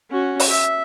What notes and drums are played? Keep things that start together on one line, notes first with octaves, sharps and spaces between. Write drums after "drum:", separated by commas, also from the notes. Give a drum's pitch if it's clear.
C#4 F#4
drum: open hi-hat
E5